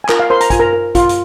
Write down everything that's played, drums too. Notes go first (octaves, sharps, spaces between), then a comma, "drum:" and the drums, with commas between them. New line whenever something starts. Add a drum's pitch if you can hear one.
G#5
F4 A#4 A#5, drum: clap
F5
A#4 C5 C6
A#5, drum: hi-hat
F4 G#5, drum: kick, hi-hat
A#4 A#5
A#4
F4, drum: kick, hi-hat
drum: hi-hat